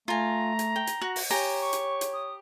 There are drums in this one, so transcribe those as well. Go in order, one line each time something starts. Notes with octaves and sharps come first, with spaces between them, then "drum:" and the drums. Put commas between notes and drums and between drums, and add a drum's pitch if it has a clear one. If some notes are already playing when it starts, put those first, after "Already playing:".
A3 F4 G#5 A#5
drum: hi-hat
G5
drum: hi-hat
F#4
drum: open hi-hat
G4 C#5 G#5 A#5, drum: hi-hat
C#6
drum: hi-hat
drum: hi-hat
D#6